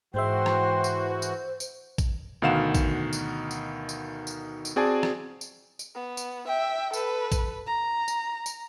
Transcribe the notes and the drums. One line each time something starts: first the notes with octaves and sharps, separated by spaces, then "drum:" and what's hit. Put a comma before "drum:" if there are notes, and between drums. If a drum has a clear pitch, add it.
G#2 E3 G#3 F#4 C5 E5 G5
drum: rim click
drum: tambourine
C5
drum: tambourine
drum: tambourine
drum: kick, tambourine
D2 B2 D#3 F5 F#5 E7
drum: kick, tambourine
drum: tambourine
drum: tambourine
drum: tambourine
drum: tambourine
drum: tambourine
C4 F#4 G#4 D5 G#5 A5
drum: rim click
drum: tambourine
drum: tambourine
B3
drum: tambourine
E5 G5
A4 B4, drum: tambourine
drum: kick, tambourine
A#5
drum: tambourine
drum: tambourine